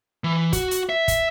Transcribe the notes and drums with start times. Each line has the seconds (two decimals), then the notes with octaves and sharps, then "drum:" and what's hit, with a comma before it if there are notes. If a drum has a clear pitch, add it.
0.24 E3
0.53 F#4, drum: kick, hi-hat
0.71 drum: hi-hat
0.89 E5
1.08 drum: kick, hi-hat